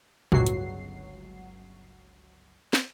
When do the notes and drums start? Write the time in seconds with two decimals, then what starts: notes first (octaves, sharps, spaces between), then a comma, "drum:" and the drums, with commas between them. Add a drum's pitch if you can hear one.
0.32 G1 C#2 F#3 F#4 C7, drum: tom
0.46 drum: hi-hat
2.73 drum: snare